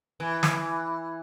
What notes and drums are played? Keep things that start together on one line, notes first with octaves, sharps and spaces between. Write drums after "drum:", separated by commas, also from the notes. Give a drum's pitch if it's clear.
E3
drum: snare